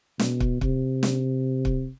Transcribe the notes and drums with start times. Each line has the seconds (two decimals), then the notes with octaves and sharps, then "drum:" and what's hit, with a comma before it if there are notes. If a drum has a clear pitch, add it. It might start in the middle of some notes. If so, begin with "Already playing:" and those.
0.19 B2, drum: snare
0.40 drum: kick
0.61 C3, drum: kick
1.03 drum: snare
1.65 drum: kick